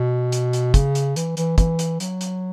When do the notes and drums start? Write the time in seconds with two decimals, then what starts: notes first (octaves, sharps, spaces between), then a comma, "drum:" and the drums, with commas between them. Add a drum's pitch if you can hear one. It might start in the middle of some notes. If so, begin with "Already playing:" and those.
Already playing: B2
0.32 drum: hi-hat
0.53 drum: hi-hat
0.74 C#3, drum: kick, hi-hat
0.95 drum: hi-hat
1.16 E3, drum: hi-hat
1.37 E3, drum: hi-hat
1.58 E3, drum: kick, hi-hat
1.79 drum: hi-hat
2.00 F#3, drum: hi-hat
2.21 drum: hi-hat